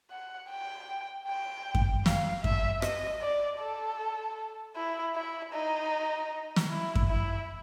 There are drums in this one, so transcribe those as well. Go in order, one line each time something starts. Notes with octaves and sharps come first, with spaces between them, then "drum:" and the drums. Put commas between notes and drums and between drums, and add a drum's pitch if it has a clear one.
F#5
G5
G5
drum: kick F#2
F5, drum: snare
E5, drum: kick F#2
D#5, drum: rim click
D5
A4
E4
E4
D#4
drum: snare
E4
drum: kick F#2
E4